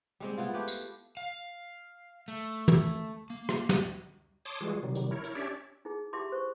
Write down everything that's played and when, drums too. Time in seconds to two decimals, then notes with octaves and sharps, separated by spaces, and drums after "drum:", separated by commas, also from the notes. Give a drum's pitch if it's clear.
0.20 G3 G#3 C4
0.38 B3 E4 F4
0.54 A3 G4 B4
0.68 drum: tambourine
1.17 F5
2.28 A3
2.68 drum: tom
3.30 A#3
3.49 drum: rim click
3.69 drum: snare
4.45 C#5 A5 C6 D6 D#6
4.60 E3 G3 G#3 F4 F#4 G#4
4.83 C3 D#3 F#3 G3
4.95 drum: hi-hat
5.11 E4 A#4 C#5
5.24 drum: hi-hat
5.35 C#4 D4 G4 C#5 D5 E5
5.85 D#4 E4 G#4
6.13 E4 G4 E5 A5 C6 D6
6.32 C5 C#6